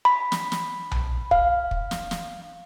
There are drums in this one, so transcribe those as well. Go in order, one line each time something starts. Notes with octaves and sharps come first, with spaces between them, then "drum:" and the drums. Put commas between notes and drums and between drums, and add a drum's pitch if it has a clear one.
B5
drum: snare
drum: snare
drum: tom B1
F5, drum: kick
drum: kick
drum: snare
drum: snare